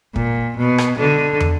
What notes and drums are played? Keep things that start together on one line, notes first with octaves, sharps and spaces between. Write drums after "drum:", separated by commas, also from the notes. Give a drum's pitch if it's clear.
A#2, drum: kick
B2
drum: rim click
D3
drum: tom